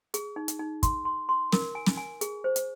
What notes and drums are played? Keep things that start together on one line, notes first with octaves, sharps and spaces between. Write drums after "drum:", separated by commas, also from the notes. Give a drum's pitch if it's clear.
G#4, drum: hi-hat
D#4
drum: hi-hat
D#4
C6, drum: kick, hi-hat
C6
C6
A#4, drum: snare
G#5
drum: snare
G#5
G#4, drum: hi-hat
C5
drum: hi-hat